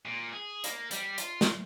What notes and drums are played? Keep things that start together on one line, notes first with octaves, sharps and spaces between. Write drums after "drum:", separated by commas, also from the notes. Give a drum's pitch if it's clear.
A#2
G#4
A#3, drum: hi-hat
G3, drum: hi-hat
F4, drum: hi-hat
drum: snare